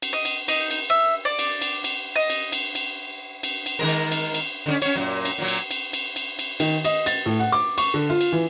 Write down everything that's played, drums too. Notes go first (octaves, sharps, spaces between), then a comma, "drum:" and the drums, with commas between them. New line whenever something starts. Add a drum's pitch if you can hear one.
drum: cymbal
D#5
drum: cymbal
D#4, drum: cymbal
drum: cymbal
E5
D5
drum: cymbal
drum: cymbal
drum: cymbal
D#5
drum: cymbal
drum: cymbal
drum: cymbal
drum: cymbal
drum: cymbal
D#3 G#3 A#4
drum: cymbal
drum: cymbal
drum: cymbal
D3 G3 C#4
C#4 C#5, drum: cymbal
F#2 A#2
drum: cymbal
A#2 F#3
drum: cymbal
drum: cymbal
drum: cymbal
drum: cymbal
drum: cymbal
D#3, drum: cymbal
D#5, drum: cymbal
A6, drum: cymbal
A2
F#5
D6
C#6, drum: cymbal
D3
F4
drum: cymbal
E3